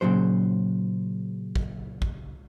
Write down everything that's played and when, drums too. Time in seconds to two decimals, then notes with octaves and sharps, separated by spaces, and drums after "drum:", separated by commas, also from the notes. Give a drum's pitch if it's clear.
0.01 A#2 C#3 F#3 C5
1.56 drum: kick A#1
2.02 drum: kick A#1